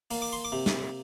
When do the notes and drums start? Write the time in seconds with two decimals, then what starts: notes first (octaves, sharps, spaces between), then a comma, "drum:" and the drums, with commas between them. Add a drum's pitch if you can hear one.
0.11 A#3, drum: open hi-hat
0.22 D6
0.33 C6
0.45 D6
0.52 C3
0.66 drum: snare